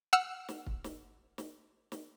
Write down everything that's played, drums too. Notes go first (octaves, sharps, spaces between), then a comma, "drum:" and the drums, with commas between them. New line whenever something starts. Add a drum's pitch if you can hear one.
F#5 E6 F6 C#7
drum: snare
drum: kick
drum: snare
drum: snare
drum: snare